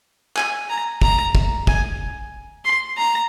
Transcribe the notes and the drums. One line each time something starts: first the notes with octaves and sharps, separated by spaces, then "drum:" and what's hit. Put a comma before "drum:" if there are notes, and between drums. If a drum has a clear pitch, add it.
G#5, drum: clap
A#5
A#5, drum: kick
drum: kick
G#5, drum: kick
C6
A#5